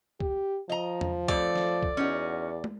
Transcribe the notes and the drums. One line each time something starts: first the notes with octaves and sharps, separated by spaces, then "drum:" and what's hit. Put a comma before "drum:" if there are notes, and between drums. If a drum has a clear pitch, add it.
G4, drum: kick
F3 D#5 A#5
drum: tom E2
F2 A3 D5, drum: kick
drum: snare
drum: kick
E2 C#4 D#4 F#4
drum: tom